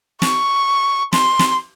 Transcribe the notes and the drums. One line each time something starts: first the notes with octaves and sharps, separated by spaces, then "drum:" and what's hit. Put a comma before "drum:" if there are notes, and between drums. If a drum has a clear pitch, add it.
C#6, drum: snare
C6, drum: snare
drum: snare